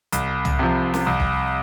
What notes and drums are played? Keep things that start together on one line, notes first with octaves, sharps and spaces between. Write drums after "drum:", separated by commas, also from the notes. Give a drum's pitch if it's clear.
C2, drum: hi-hat
drum: tom
C3 F3
drum: snare
C2
drum: kick